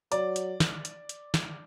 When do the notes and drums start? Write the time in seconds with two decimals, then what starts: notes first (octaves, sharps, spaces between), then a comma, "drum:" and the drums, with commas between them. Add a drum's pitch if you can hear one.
0.12 F#3 D5, drum: hi-hat
0.36 drum: hi-hat
0.60 drum: snare
0.85 drum: hi-hat
1.09 drum: hi-hat
1.34 drum: snare